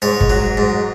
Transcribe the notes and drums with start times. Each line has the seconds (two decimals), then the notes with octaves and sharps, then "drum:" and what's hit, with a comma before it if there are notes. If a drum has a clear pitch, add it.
0.02 G#2 C#5
0.21 drum: kick
0.30 F#3
0.57 G#2